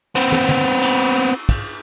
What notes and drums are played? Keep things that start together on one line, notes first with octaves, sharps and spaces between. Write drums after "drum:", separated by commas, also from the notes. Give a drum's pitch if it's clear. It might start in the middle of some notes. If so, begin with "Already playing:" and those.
B3 C4, drum: cymbal
drum: tom
drum: tom
drum: cymbal
drum: cymbal
drum: kick, cymbal